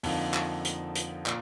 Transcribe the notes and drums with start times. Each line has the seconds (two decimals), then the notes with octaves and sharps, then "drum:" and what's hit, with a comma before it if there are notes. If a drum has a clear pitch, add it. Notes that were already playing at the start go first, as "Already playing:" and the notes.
0.03 F2 D3 F3 A#3 D#4, drum: open hi-hat
0.34 drum: clap
0.65 drum: hi-hat
0.95 drum: hi-hat
1.26 A#2, drum: clap